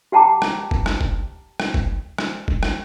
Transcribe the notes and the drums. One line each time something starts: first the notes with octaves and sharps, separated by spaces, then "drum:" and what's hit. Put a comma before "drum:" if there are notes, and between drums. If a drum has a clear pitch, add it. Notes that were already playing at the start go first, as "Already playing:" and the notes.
G4 F#5 G5 A5 A#5 D6
drum: rim click
drum: kick
drum: rim click
drum: kick
drum: rim click
drum: kick
drum: rim click
drum: kick
drum: rim click